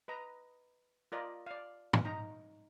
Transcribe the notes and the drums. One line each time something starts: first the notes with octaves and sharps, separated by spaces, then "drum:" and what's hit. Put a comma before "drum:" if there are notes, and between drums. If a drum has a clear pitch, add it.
B4 D#5 A#5
F4 A#4 D5 D#5
D5 F5
drum: tom
D#4 A#5